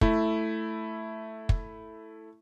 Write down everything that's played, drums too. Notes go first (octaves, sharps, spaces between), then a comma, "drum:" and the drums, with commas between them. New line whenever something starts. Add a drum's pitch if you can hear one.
A3 E4, drum: kick
drum: kick